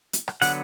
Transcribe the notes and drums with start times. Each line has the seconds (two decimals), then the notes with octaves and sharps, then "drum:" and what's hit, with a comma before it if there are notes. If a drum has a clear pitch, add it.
0.13 drum: hi-hat
0.28 drum: rim click
0.42 D3 F#3 B3 F#5, drum: open hi-hat